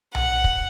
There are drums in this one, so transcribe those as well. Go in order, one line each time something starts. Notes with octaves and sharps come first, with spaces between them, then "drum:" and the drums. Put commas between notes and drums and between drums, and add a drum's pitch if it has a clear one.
F#5, drum: tom B1
drum: kick